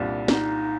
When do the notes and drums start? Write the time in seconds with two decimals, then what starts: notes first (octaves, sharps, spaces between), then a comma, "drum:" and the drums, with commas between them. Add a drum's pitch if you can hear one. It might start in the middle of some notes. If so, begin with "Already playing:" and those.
Already playing: C2 A#2 G3 D4
0.28 D#4, drum: snare